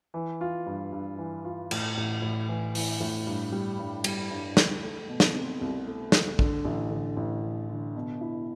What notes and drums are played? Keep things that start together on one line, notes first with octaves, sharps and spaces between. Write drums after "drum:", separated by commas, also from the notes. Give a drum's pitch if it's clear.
E3
F4
G2
G2
E3
F4
A2, drum: cymbal
A1
A2
E3
E3, drum: open hi-hat
A2
G2
G3
G2
G3, drum: cymbal
G2
G2, drum: snare
A3
B2
drum: snare
C4
C2
A3
A3, drum: snare
D3, drum: kick A#1
A1
D3
A1
D3
D3
B2
E4